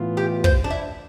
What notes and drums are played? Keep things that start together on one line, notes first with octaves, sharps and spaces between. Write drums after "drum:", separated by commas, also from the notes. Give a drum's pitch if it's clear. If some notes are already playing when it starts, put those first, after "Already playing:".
Already playing: A2 E3 B3 F4
G4
C5, drum: kick
D4
E4